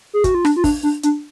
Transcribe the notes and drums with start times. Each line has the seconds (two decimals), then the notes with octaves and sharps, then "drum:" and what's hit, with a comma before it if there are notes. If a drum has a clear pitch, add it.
0.14 G#4
0.24 F#4, drum: kick, hi-hat
0.35 F4
0.45 D4, drum: rim click
0.56 F4
0.64 D4, drum: kick, open hi-hat
0.83 D4
1.03 D4, drum: hi-hat